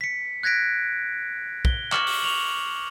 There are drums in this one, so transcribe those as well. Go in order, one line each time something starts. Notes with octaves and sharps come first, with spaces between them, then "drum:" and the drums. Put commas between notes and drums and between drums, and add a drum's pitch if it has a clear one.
B6 C#7
F#6 G#6 A#6 B6 D7
G7, drum: kick
C#6 D6 F6 C#7 E7 F#7, drum: clap
drum: open hi-hat
C#6 F7 F#7